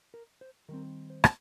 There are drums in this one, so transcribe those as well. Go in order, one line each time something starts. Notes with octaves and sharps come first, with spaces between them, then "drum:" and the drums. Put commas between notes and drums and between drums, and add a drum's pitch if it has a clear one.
A#4
C5
D#3 G3 C4 A#4
C5
drum: rim click